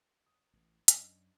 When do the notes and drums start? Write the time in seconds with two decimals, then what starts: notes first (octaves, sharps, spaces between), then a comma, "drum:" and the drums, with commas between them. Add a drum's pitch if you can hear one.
0.26 D#6
0.53 A1 E3
0.88 F#2 C#4 D4 D#5, drum: hi-hat